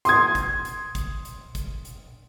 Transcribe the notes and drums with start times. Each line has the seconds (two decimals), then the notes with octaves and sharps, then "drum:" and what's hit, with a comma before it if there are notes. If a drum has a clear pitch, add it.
0.05 C6 D#6 G#6, drum: hi-hat
0.35 drum: kick, hi-hat
0.65 drum: hi-hat
0.95 drum: kick, hi-hat
1.25 drum: hi-hat
1.55 drum: kick, hi-hat
1.85 drum: hi-hat